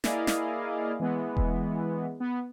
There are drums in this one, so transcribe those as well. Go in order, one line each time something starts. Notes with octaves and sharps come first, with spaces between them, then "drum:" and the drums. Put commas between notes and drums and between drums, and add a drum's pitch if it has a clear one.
A#3 E4 G#4 D5 D#5 F5, drum: snare
drum: snare
E3 G#3 B3
drum: kick E1
B3